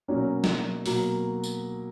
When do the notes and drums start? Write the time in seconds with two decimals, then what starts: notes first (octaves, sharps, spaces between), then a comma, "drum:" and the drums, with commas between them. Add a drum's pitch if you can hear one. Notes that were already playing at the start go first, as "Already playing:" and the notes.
0.08 B2 F#3 A#3 C#4
0.44 drum: snare
0.86 B2 F#3 A#3, drum: open hi-hat
1.44 drum: tambourine